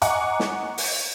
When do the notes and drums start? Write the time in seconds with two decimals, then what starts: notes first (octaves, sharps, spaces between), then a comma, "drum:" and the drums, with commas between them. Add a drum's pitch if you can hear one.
0.02 D#5 F#5 G#5 A#5 C#6 D6, drum: hi-hat
0.40 drum: snare
0.78 drum: open hi-hat